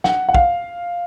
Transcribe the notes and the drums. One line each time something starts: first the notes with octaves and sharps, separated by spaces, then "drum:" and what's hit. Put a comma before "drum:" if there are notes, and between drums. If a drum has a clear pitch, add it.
F#5, drum: snare
F#5
F5, drum: kick